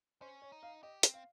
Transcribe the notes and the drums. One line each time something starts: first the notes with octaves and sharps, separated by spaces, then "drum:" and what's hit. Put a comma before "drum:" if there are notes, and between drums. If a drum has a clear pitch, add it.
C#4 C5
C#5
D#4
F5
G4 D#5
C4, drum: hi-hat
F5